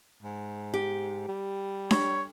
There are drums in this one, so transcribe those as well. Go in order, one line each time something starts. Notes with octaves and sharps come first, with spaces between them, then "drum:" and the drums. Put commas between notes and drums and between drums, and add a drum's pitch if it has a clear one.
G#2
G4
G3
C#5, drum: snare D4